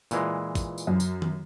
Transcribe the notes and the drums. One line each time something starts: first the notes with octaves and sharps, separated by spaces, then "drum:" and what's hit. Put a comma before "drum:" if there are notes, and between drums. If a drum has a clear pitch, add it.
A#2 E3 G#3, drum: tambourine
drum: kick, tambourine
drum: tambourine
F#2
drum: tambourine
drum: tom D#3